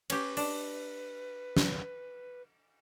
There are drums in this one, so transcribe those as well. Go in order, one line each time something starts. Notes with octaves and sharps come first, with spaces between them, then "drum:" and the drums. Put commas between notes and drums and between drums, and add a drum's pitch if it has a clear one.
C#4 G4 B4, drum: cymbal
D4, drum: open hi-hat
drum: snare